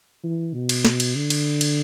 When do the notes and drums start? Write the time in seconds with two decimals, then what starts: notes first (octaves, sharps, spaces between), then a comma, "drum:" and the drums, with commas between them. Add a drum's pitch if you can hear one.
0.23 E3
0.53 B2
0.69 drum: cymbal
0.85 drum: snare
1.00 drum: cymbal
1.15 D3
1.30 drum: cymbal
1.61 drum: cymbal